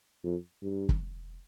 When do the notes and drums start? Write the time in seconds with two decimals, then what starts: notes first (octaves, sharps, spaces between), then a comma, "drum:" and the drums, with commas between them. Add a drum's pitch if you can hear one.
0.24 F2
0.62 G2
0.89 drum: kick